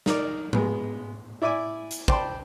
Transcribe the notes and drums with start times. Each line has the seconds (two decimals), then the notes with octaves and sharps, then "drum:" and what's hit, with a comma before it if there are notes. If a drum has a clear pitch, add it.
0.06 D#4 A#4 D5, drum: snare
0.53 G#3 B3, drum: tom G#2
1.42 E4 D5 E5 G#5 D6
1.91 drum: hi-hat
2.08 C5 D5 G5 A5 B5 C6, drum: kick